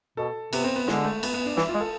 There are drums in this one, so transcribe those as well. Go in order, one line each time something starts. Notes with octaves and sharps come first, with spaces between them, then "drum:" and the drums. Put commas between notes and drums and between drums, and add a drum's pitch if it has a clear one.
B2 A4
C3 B3, drum: cymbal
C4
B3
D3 G#3, drum: snare
A3
B3, drum: cymbal
B3
D4
E3 E4, drum: snare
F4
G#3
A4